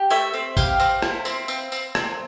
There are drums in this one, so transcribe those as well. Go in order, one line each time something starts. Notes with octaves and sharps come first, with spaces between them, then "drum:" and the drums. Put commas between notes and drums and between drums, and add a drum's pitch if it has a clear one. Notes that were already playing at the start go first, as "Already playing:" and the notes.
Already playing: G4
A3 E5
C4
G4 F5, drum: kick, tambourine
C4, drum: tambourine
E4, drum: rim click
C4, drum: tambourine
C4, drum: tambourine
C4, drum: tambourine
C4, drum: rim click